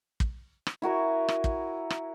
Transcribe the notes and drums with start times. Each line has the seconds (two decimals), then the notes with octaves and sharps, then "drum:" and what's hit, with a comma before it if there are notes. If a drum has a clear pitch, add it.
0.20 drum: kick
0.67 drum: rim click
0.82 E4 F#4 A#4 G#5
1.28 drum: rim click
1.44 drum: kick
1.90 drum: rim click